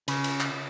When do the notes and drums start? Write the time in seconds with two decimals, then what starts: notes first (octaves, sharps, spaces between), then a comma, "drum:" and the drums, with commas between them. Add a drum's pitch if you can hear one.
0.08 C#3, drum: cymbal
0.24 drum: cymbal
0.40 drum: clap